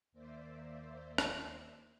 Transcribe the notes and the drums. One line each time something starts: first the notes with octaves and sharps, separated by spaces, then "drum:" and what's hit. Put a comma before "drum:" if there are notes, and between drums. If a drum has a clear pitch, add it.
D#2 A#3 C5 D5 E5
drum: rim click